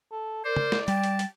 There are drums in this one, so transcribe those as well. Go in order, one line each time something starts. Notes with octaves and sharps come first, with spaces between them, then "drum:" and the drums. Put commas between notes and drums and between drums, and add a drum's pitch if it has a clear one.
A4
A#4 C5 D5
drum: tom
drum: snare
G3 G5 A5, drum: hi-hat
drum: hi-hat
drum: hi-hat